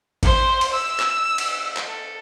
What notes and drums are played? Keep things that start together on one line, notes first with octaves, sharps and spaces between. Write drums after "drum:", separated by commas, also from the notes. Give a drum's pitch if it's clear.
C5, drum: kick, cymbal
drum: cymbal
E6
drum: clap
drum: cymbal
drum: clap
A4